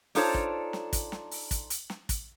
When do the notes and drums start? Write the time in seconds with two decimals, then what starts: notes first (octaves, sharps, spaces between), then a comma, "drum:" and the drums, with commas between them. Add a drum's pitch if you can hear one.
0.15 D4 D#4 F4 A4 C5 C#5, drum: open hi-hat
0.34 drum: kick
0.73 drum: snare
0.93 drum: kick, hi-hat
1.12 drum: snare
1.31 drum: open hi-hat
1.51 drum: kick, hi-hat
1.70 drum: hi-hat
1.90 drum: snare
2.09 drum: kick, hi-hat